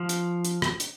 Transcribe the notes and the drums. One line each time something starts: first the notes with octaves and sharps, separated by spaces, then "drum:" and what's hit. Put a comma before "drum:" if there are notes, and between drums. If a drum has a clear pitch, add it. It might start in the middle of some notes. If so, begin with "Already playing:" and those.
Already playing: F3
drum: hi-hat
drum: hi-hat
drum: rim click
drum: hi-hat